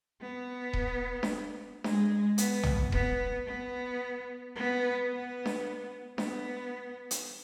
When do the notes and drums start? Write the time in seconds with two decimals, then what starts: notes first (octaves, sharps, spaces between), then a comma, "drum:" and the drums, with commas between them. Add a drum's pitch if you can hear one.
0.21 B3
0.73 drum: kick D#1
1.23 drum: snare D4
1.84 G#3, drum: snare D4
2.38 B3, drum: hi-hat
2.63 drum: tom B1
2.92 B3, drum: kick D#1
3.47 B3
4.55 B3
5.10 B3
5.45 drum: snare D4
6.18 B3, drum: snare D4
7.11 drum: hi-hat